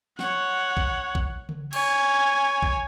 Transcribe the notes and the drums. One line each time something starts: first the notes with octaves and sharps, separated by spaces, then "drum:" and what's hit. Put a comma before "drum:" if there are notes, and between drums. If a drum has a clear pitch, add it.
C#5 F#5, drum: snare
drum: kick A#1
drum: kick A#1
drum: tom C#3
C#5 G#5, drum: cymbal
drum: kick A#1